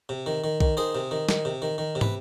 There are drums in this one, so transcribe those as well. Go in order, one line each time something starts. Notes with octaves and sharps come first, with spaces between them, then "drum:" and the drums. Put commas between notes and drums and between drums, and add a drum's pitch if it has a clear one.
C3
D#3
D#3
D#3, drum: kick B1
D#3 G#4 C5
C3
D#3
D#3, drum: snare
C3
D#3
D#3
C3
B4, drum: tom